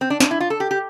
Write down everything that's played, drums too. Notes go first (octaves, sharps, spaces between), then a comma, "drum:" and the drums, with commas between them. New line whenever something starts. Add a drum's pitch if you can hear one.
C4
D4
D4, drum: snare
E4
F4
A4
G4
G4